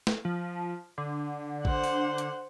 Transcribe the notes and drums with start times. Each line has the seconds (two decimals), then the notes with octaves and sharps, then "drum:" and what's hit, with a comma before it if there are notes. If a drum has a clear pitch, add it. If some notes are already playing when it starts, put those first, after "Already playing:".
0.07 drum: snare
0.25 F3
0.98 D3
1.65 C5 F#5, drum: kick A1
1.84 drum: open hi-hat
2.18 drum: hi-hat